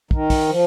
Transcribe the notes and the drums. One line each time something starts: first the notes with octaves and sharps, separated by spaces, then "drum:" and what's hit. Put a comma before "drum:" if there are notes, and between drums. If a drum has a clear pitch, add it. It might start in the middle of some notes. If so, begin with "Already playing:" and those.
D#3, drum: kick
drum: kick, open hi-hat
F3